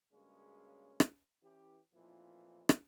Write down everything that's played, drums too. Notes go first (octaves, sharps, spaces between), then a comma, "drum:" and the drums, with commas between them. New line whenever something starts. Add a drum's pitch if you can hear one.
G2 C#3 G#3 A#3 C#4 F#4
drum: rim click
E3 C#4 G4
A1 F2 A#2 E3 F3
drum: rim click